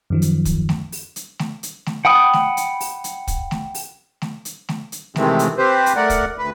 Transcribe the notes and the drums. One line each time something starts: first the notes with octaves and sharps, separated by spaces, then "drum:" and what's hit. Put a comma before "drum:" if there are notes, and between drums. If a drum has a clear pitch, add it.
F#2 D#3 F3
drum: hi-hat
drum: kick, hi-hat
drum: snare A3
drum: open hi-hat
drum: hi-hat
drum: snare A3
drum: hi-hat
drum: snare A3
F#5 G5 B5 D#6
drum: snare A3
drum: hi-hat
drum: open hi-hat
drum: hi-hat
drum: kick, hi-hat
drum: snare A3
drum: open hi-hat
drum: snare A3
drum: hi-hat
drum: snare A3
drum: hi-hat
C3 D#3 E3 G#3 A3 C4, drum: snare A3
drum: hi-hat
C4 G4 B4 C5
drum: hi-hat
A3 A#4 D5 F#5
drum: kick, hi-hat
D2 B4